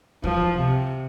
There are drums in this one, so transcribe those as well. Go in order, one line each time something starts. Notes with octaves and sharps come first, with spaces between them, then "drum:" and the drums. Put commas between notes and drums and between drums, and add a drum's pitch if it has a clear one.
F3, drum: kick
C3